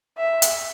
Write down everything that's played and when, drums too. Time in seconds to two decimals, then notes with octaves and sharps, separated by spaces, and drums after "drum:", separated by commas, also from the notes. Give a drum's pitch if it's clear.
0.17 E5
0.42 drum: hi-hat